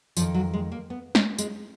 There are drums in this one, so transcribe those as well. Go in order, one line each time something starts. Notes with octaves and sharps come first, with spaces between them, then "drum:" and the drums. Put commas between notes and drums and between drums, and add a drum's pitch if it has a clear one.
F2 D#3 F3, drum: tambourine
F#3
G#3
A#3
B3
C#4, drum: snare
G#3, drum: tambourine